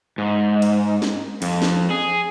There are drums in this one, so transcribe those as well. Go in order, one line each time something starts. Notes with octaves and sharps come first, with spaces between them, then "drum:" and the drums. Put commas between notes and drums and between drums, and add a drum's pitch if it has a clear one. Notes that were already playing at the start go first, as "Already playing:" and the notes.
G#2
drum: cymbal
drum: snare
F2, drum: cymbal
drum: snare
G#4